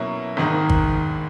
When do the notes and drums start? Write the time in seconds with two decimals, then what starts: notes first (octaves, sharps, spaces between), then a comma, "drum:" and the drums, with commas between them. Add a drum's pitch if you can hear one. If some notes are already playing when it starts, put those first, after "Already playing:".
Already playing: B2 F#3 A#3 C#4 E4
0.37 G#1 G#2 D#3 A#3
0.69 drum: kick G#1